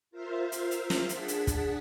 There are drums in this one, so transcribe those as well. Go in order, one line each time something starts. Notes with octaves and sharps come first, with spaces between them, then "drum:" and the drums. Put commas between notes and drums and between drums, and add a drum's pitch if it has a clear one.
F4 A#4 C5 E5 F5
drum: hi-hat
drum: hi-hat
drum: snare
D4 G#4 F#5 A5 B6, drum: hi-hat
drum: hi-hat
drum: kick, hi-hat